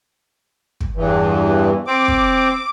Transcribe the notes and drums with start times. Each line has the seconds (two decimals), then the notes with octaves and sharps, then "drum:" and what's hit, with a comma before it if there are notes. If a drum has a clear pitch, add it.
0.80 drum: kick
0.96 E2 G2 E3
1.87 C4 D6
2.08 drum: kick